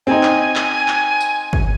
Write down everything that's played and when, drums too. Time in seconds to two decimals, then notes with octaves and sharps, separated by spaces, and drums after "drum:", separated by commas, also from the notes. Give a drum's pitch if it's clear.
0.07 C4 D#4 G#5
0.23 drum: clap
0.56 drum: clap
0.88 drum: clap
1.20 drum: tambourine
1.53 drum: kick